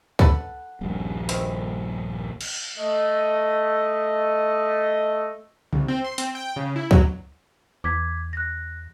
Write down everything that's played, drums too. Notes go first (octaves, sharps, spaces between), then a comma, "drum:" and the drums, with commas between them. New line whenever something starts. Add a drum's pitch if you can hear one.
A4 B4 F#5, drum: kick
D#1 A#1 G2
D#3 E3 C4, drum: hi-hat
drum: cymbal
A3 D#5
C2, drum: tom C3
C4
C6
C4, drum: hi-hat
G5
C#3
E4
F#3, drum: kick
E2 D6 G#6 B6
F#6 A#6